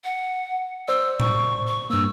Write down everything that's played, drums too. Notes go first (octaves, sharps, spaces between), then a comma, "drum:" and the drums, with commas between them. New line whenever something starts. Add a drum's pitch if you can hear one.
F#5
C5 D5 E6
C#6, drum: tom A2
C#6
G2 A#3 E6